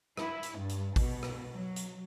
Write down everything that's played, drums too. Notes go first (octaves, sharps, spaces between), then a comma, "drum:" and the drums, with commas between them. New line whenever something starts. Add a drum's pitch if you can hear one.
E4, drum: rim click
drum: hi-hat
G2
drum: hi-hat
B2, drum: kick A1, open hi-hat
drum: rim click
F#3
drum: hi-hat